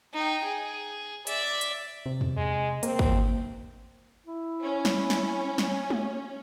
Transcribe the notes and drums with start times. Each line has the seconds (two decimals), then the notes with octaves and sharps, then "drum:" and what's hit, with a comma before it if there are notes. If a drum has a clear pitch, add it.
0.14 D#4 G5
0.45 G#4
1.27 D5 E5, drum: hi-hat
1.61 drum: hi-hat
2.06 C3
2.21 drum: tom E2
2.37 G#3
2.83 A#3 C4, drum: hi-hat
2.99 drum: kick
4.27 E4
4.61 C#4
4.85 drum: snare
5.10 drum: snare
5.58 drum: snare
5.90 drum: tom G#3